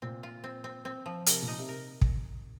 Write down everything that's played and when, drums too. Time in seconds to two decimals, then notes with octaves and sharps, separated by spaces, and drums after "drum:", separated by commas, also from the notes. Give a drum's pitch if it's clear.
0.02 A#2 C4
0.23 F4
0.44 C4
0.64 C4
0.85 C4
1.06 F3
1.26 C3 A#4, drum: hi-hat
1.42 A#2
1.48 D#4
1.59 C3
1.68 A#4
2.01 drum: kick